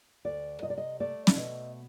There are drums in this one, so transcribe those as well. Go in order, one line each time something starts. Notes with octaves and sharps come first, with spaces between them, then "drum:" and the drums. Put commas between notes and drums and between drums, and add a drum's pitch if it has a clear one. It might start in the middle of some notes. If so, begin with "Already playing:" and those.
D2 D5
C3 D#5
D5
D#5
A3 D5
E5, drum: snare
B2 D#5